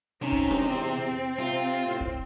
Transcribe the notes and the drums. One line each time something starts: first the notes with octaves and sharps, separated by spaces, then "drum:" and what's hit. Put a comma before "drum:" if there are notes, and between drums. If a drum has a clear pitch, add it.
C3 C#4 D#4
drum: kick
drum: snare D4
E2 C4
C3 F4
A2 C4
drum: kick